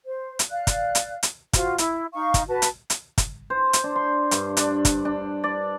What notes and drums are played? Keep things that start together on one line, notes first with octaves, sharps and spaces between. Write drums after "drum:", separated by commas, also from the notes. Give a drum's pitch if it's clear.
C5
drum: hi-hat
D5 F5 F#6
drum: kick, hi-hat
drum: hi-hat
drum: hi-hat
F4 F#4 C5 F5, drum: kick, hi-hat
E4, drum: hi-hat
D#4 F5 C#6
drum: kick, hi-hat
F#4 B4 A5
drum: hi-hat
drum: hi-hat
drum: kick, hi-hat
C5
drum: hi-hat
D4
C6
G2, drum: hi-hat
D4, drum: hi-hat
drum: kick, hi-hat
D4
D5